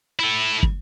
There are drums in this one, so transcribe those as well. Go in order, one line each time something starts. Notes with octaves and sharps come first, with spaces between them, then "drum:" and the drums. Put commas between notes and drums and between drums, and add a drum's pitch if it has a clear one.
E4 A4
drum: kick